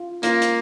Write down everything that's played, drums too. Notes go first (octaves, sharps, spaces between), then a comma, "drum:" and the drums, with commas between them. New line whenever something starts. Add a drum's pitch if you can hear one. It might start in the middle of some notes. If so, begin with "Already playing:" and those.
Already playing: F4
A#3 F4, drum: hi-hat
drum: hi-hat